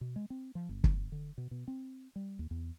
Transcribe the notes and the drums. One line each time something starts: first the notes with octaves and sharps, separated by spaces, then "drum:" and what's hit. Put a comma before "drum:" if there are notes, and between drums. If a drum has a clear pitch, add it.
B2
G#3
C4
F3
G1
drum: kick
D3
B2
B2
C4
G3
D#2
E2